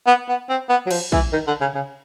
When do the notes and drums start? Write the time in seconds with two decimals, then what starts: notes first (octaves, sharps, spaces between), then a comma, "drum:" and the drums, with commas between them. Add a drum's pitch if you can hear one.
0.07 B3
0.28 B3
0.49 C4
0.69 B3
0.86 F#3
0.91 F3, drum: cymbal
1.12 E3, drum: kick
1.33 D#3
1.47 D3
1.61 C#3
1.74 C#3